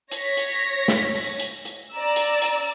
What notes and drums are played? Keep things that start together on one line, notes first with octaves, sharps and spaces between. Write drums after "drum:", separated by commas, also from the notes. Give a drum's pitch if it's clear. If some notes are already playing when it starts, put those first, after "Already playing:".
C#5 A#6 B6, drum: hi-hat
drum: hi-hat
drum: snare
drum: open hi-hat
drum: hi-hat
drum: hi-hat
D5 A#5 E6
drum: hi-hat
drum: hi-hat